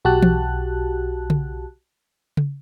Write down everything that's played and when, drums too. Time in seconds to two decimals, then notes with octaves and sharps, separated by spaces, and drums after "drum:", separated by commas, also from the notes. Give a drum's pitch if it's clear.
0.05 B1 F#4 G4 A5 F#6
0.23 drum: tom E3
1.30 drum: tom C#3
2.37 drum: tom C#3